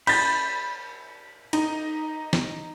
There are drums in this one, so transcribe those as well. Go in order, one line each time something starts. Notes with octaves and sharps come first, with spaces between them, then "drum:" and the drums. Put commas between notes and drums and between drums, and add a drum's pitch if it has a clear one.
B5 G6 A6, drum: cymbal
D#4, drum: cymbal
drum: snare